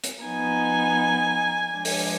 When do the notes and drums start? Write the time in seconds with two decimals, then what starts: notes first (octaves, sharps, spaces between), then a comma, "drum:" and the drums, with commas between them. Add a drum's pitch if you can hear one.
0.04 drum: hi-hat
0.24 F3 B3 D#4 G#5
1.73 F3 G#3 D4
1.85 drum: open hi-hat